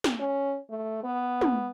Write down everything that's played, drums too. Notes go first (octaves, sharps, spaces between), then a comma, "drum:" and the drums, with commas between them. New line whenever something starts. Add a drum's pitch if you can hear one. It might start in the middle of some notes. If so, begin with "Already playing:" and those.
drum: snare
C#4
A3
B3
drum: tom